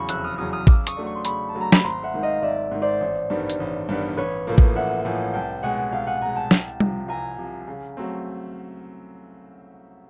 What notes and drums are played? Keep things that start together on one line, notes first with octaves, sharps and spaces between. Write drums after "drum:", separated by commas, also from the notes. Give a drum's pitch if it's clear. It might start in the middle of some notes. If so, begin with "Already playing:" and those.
Already playing: E2 C#3 F#3 B5 C#6
F1 E6 F#6, drum: hi-hat
D#6 F6
E2 C#3 F#3 D#6 F6
D#6 F6
C#3 D6 E6, drum: kick A1
C#6 D#6, drum: hi-hat
F#3 A3 D4
C#6
C6
C#3 B5 C#6, drum: hi-hat
A5
F#3 A3 D4
A#5
B5, drum: snare
G#1 A#5 C6
E5 F#5
G#2 D#3
D#5 F5
G#1 D5 E5
G#2 D#3
C5 D5
A1
G2 D#3 G3 B3
drum: hi-hat
A1
G2 D#3 G3 B3
A1 B4 C#5
A2 F3 A#3
drum: kick A1
A1 E5 F#5
A2 F3 A#3 F#5 G#5
C2 G5 A5
B2 G#3 F#5 G#5
C2 F5 G5
F#5 G#5
B2 G#3 G#5 A#5
G5 A5
C2, drum: snare
C3 F3, drum: tom G3
C2 G#5 A#5
C3 F3
C#3
F#3 A3 C4